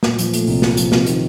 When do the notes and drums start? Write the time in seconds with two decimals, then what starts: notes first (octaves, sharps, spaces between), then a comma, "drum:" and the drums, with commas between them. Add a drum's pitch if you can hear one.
0.03 A#2, drum: snare
0.19 F3, drum: hi-hat
0.33 A3, drum: hi-hat
0.47 C2, drum: open hi-hat
0.62 A#2, drum: snare
0.77 F3, drum: hi-hat
0.92 C3, drum: snare
1.06 D#3, drum: hi-hat